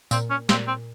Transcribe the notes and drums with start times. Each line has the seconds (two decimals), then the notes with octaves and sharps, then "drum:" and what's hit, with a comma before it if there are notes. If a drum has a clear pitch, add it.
0.11 A#2 C4, drum: tambourine
0.30 C#4
0.49 A#2 C4, drum: snare
0.67 C4